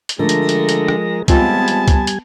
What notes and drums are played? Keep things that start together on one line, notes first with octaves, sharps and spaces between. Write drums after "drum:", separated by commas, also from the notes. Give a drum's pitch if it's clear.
drum: hi-hat
D3 F3 G#3 A3 A#4 A#6
drum: hi-hat
drum: hi-hat
drum: hi-hat
drum: rim click
G3 G#3 B3 C4 F4 G#5 A5, drum: kick, hi-hat
drum: hi-hat
drum: kick, hi-hat
drum: hi-hat